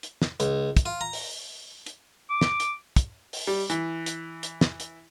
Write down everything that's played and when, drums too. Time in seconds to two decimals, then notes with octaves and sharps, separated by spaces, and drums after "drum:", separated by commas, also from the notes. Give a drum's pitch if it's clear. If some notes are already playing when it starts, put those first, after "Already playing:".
0.03 drum: hi-hat
0.22 drum: snare
0.40 C#2, drum: hi-hat
0.77 drum: kick, hi-hat
0.86 F4
1.01 A#5
1.13 drum: open hi-hat
1.86 drum: hi-hat
2.30 D6
2.41 drum: snare
2.60 drum: hi-hat
2.96 drum: kick, hi-hat
3.33 drum: open hi-hat
3.47 G3
3.70 E3, drum: hi-hat
4.06 drum: hi-hat
4.43 drum: hi-hat
4.61 drum: snare
4.80 drum: hi-hat